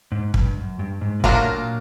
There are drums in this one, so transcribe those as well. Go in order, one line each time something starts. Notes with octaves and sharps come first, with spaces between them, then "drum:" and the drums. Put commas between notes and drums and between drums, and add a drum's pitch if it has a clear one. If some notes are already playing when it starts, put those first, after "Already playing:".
G#2
G2, drum: kick
F#2
G2
G#2
A#2
A2 F#3 A#3 D4 F4 A#4, drum: kick
A#2